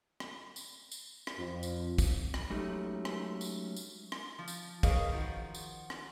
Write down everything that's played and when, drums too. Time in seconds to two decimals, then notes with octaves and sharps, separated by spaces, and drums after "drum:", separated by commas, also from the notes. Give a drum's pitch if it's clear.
0.20 drum: rim click
0.56 drum: tambourine
0.92 drum: tambourine
1.27 drum: rim click
1.39 F2
1.63 drum: tambourine
1.98 drum: kick, tambourine
2.34 drum: rim click
2.50 F#3 G#3 A3 C#4 D#4 G4
3.05 drum: rim click
3.41 drum: tambourine
3.76 drum: tambourine
4.12 drum: rim click
4.39 F3
4.48 drum: tambourine
4.83 G#4 A#4 B4 C#5 D#5 F5, drum: kick, tambourine
5.12 D#3 F3 F#4
5.54 drum: tambourine
5.90 drum: rim click